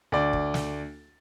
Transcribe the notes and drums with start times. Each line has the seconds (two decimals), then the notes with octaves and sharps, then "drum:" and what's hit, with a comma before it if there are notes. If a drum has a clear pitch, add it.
0.12 D2 D5
0.33 drum: kick
0.54 drum: snare